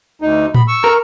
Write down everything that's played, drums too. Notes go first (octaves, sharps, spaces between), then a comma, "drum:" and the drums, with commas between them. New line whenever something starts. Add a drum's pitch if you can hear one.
D2 D#4
B5, drum: tom A2
C#6 E6
A#4